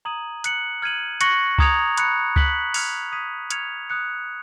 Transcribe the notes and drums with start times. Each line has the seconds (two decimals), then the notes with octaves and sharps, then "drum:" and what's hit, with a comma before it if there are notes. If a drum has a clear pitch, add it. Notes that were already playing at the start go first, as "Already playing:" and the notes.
0.05 A#5 D#6 G#6 D#7 F#7
0.44 F#6 C#7 F#7, drum: hi-hat
0.82 F6 G#6 D#7 F#7
1.21 C#6 F#6 A#6 C#7 F#7, drum: hi-hat
1.58 A#5 D#6 G#6 C#7 F7, drum: kick C#2
1.97 B5 F#6 C#7, drum: hi-hat
2.36 F#6 B6 F#7, drum: kick C#2
2.74 F6 G#6 C#7 F7, drum: open hi-hat
3.12 D#6 G#6 B6 D#7
3.51 C#6 F6 G#6 C#7 F7, drum: hi-hat
3.90 D#6 F#6 C#7